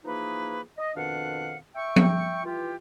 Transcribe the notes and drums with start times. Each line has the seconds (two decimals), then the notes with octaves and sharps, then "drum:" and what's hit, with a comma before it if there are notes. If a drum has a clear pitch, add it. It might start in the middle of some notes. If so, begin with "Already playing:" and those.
0.05 E3 F3 A#3 D#4 G#4 B4
0.78 D#5
0.97 F2 B2 D#3 D4 F5 F#5
1.76 E5 G5 C#6
1.96 drum: tom F3
2.45 E3 F4 G4